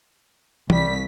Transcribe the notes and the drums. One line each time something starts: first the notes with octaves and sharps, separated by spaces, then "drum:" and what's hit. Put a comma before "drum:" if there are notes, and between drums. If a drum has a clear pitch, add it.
C2 G3 B6, drum: tom E3